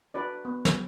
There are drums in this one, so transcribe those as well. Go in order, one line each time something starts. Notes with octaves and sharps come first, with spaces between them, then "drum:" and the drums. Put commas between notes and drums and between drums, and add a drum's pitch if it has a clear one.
D4 F#4 B4 D5
B3
drum: snare